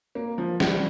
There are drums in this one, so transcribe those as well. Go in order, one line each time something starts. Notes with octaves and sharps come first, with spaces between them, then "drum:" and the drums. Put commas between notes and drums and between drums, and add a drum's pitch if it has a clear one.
A#3
F3
G3, drum: snare